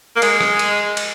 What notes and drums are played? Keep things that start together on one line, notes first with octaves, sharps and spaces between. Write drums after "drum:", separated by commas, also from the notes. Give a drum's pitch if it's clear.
A#3
G#3, drum: cymbal
drum: rim click
drum: cymbal
drum: cymbal